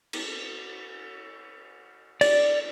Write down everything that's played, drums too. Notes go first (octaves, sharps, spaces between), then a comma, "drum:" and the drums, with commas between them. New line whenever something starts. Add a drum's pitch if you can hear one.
drum: cymbal
D5, drum: cymbal